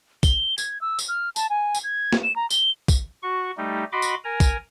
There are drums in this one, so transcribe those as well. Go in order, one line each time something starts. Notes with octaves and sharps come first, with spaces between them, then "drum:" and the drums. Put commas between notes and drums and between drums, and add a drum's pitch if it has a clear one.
G7, drum: kick, tambourine
G#6, drum: tambourine
E6
drum: tambourine
F6
A5, drum: tambourine
G#5
drum: tambourine
G#6
drum: snare
E7
A#5
G7, drum: tambourine
drum: kick, tambourine
F#4 C#6
G3 A3 D#4 G4
F#4 D#5 B5 C6 D6
drum: tambourine
A#4 G#5 A#5
drum: kick, tambourine